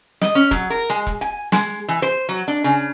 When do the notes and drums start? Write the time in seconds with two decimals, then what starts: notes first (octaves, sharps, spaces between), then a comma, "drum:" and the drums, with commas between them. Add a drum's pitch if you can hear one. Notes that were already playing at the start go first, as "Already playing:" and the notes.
0.21 D#5, drum: snare
0.35 C#4
0.51 F#3, drum: kick E1
0.70 A#4
0.90 G#3
1.07 drum: kick E1
1.21 G#5
1.52 G#3, drum: snare
1.88 E3
2.02 C5
2.29 F#3
2.48 D4
2.64 C#3